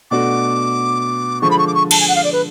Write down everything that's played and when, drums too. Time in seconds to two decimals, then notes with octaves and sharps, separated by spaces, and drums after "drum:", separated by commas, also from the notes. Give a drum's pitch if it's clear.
0.11 B2 A3 D4 F#4 D6
1.41 D3 F3 G#3 C#6
1.50 B5
1.58 C#6
1.67 D6
1.74 C#6
1.91 A5, drum: cymbal
2.00 G#5
2.08 F#5
2.15 F5
2.24 D5
2.32 B4